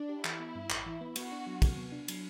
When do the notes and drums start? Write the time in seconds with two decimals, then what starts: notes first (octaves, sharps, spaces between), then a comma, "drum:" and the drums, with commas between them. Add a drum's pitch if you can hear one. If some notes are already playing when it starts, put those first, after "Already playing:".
Already playing: D4
0.09 G4
0.24 E3 E4, drum: clap
0.40 B3
0.55 G2
0.70 A1, drum: clap
0.86 E3
1.01 B3
1.16 B3 F#4, drum: cymbal
1.32 D4
1.47 F#3
1.62 C3, drum: kick, cymbal
1.77 B3
1.92 D4
2.08 F#3, drum: cymbal